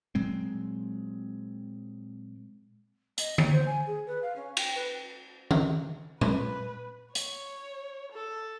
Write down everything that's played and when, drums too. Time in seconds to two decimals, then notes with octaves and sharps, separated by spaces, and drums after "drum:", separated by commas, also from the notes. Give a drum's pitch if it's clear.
0.15 A#2 F#3 G#3 C4
3.18 D#5, drum: hi-hat
3.38 C#5, drum: tom D3
3.52 C5
3.66 G#5
3.86 G#4
4.06 B4
4.22 F5
4.35 C#4
4.57 G5, drum: cymbal
4.75 B4
5.51 drum: tom D#3
6.21 B4, drum: tom A#2
7.15 C#5, drum: hi-hat
8.12 A4